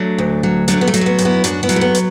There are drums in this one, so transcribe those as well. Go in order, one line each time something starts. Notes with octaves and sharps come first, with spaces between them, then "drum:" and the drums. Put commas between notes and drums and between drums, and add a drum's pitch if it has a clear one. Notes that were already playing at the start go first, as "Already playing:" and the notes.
Already playing: F#3 A3 D4
D2
F#3
F#3 A3 D4, drum: hi-hat
B3
A3
F#3, drum: hi-hat
A3
B3
F#2, drum: hi-hat
B3 E4
F#2 D4 F#4, drum: hi-hat
B3 E4
F#3, drum: hi-hat
A3
B3
drum: hi-hat